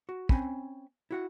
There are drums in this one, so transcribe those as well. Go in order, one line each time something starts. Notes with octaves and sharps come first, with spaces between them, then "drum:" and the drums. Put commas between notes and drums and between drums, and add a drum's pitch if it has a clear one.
F#4
C4 C#4 G#5 B5, drum: kick
E4 F#4 F#5